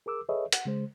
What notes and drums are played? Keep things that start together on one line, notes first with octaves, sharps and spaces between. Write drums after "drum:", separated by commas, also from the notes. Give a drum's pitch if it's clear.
G#4 A#4 D6 E6
G#4 A4 B4 C#5 D#5 E5
F#5, drum: hi-hat
C#3 G#3 C5